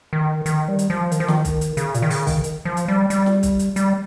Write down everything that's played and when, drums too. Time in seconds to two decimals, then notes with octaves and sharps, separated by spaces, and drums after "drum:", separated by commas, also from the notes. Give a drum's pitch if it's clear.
0.13 D#3
0.46 D#3, drum: hi-hat
0.68 G3
0.79 drum: hi-hat
0.90 F3
1.12 D#3, drum: hi-hat
1.20 F3
1.28 D#3, drum: snare
1.45 drum: kick, hi-hat
1.61 drum: hi-hat
1.77 C#3, drum: hi-hat
1.94 A#2, drum: hi-hat
2.02 D#3
2.10 C#3, drum: open hi-hat
2.27 D#3, drum: kick, open hi-hat
2.44 drum: hi-hat
2.65 F3
2.77 drum: hi-hat
2.88 G3
3.10 G3, drum: hi-hat
3.26 drum: snare
3.43 drum: kick, hi-hat
3.59 drum: hi-hat
3.76 G3, drum: hi-hat